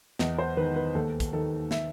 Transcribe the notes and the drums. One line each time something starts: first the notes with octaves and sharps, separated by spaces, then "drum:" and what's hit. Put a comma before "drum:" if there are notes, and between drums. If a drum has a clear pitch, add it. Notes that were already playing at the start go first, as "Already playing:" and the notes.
E2 D#5, drum: snare
C5
D#3 B4
B4
D#2 A4
drum: kick, hi-hat
D#3 A4
E5, drum: snare